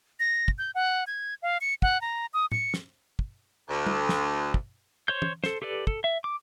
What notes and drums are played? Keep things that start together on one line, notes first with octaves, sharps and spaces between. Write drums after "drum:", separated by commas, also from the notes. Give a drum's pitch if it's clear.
A#6
drum: kick
G6
F#5
G#6
F5
C#7
F#5, drum: kick
A#5
D#6
C#7, drum: tom
drum: snare
drum: kick
D2
drum: tom
drum: snare
drum: kick
C5 C#5 G6
drum: tom
A4 C5, drum: snare
G4 A4 B4 D5
A4, drum: kick
E5
D6